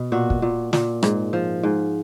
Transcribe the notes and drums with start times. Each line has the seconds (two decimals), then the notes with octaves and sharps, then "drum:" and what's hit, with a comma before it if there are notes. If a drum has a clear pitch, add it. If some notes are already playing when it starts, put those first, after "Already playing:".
Already playing: B2
0.12 A#2 F#4
0.30 drum: kick
0.42 A#2
0.73 A#2, drum: snare
1.03 G#2, drum: rim click
1.33 F3
1.63 G#2